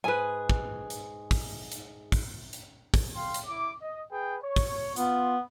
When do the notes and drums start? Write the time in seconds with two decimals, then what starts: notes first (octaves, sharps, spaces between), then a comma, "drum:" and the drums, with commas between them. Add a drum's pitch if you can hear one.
0.04 G#2 G#4 B4 G#5
0.50 drum: kick
0.90 drum: hi-hat
1.31 drum: kick, open hi-hat
1.72 drum: hi-hat
2.12 drum: kick, open hi-hat
2.53 drum: hi-hat
2.94 drum: kick, open hi-hat
3.14 F5 G5 C6
3.34 drum: hi-hat
3.47 E4 D6
3.81 D#5
4.10 G#4 B4 G5
4.42 C#5
4.56 drum: kick, open hi-hat
4.96 B3 F4, drum: hi-hat